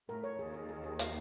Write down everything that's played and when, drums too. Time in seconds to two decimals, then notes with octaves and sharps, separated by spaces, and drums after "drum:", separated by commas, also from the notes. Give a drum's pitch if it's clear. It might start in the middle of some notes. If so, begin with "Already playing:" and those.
0.09 A2 A3 A#4
0.24 C#5
0.39 D#2 D#3 G#4
0.54 G#4
0.69 G#4
0.84 G#4
0.99 F5, drum: hi-hat